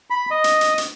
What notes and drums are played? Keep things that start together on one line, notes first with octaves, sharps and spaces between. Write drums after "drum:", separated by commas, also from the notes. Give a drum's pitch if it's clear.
B5
D#5
drum: hi-hat
drum: hi-hat
drum: hi-hat